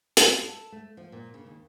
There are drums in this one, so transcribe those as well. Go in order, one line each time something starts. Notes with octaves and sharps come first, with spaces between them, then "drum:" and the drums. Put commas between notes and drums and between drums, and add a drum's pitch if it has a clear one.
F4, drum: hi-hat
A4
A3
F3
A#2
C#3
D#2